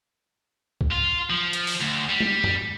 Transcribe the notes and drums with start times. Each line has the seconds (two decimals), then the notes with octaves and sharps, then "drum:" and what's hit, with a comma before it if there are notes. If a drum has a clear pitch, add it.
0.81 drum: kick C2
0.91 F4
1.30 F3
1.53 drum: hi-hat
1.67 drum: open hi-hat
1.81 D2
2.10 G3
2.20 drum: tom G3
2.44 drum: tom F#2